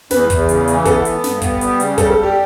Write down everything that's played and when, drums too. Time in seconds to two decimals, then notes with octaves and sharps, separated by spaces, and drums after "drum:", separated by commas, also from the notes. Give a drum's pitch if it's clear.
0.11 E2 B4, drum: snare
0.30 E2, drum: kick, hi-hat
0.49 C#3, drum: hi-hat
0.68 E3, drum: hi-hat
0.85 B3 A4, drum: kick, hi-hat
1.05 B3, drum: hi-hat
1.24 G2, drum: snare
1.42 B3, drum: kick, hi-hat
1.61 G3, drum: hi-hat
1.80 C#3, drum: hi-hat
1.98 G3 A4, drum: kick, hi-hat
2.11 A4
2.17 G3
2.23 G4